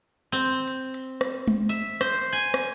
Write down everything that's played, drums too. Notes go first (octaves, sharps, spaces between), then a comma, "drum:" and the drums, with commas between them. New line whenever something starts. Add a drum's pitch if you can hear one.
C4
drum: hi-hat
drum: hi-hat
drum: rim click
drum: tom G#3
E5
C5, drum: rim click
G#5
drum: rim click